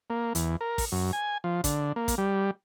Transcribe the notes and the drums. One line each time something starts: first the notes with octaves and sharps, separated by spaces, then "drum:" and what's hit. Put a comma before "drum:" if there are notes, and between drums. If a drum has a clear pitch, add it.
A#3
E2, drum: hi-hat
A#4
drum: kick, open hi-hat
F#2
G#5
F3
D3, drum: kick, hi-hat
A#3
drum: kick, hi-hat
G3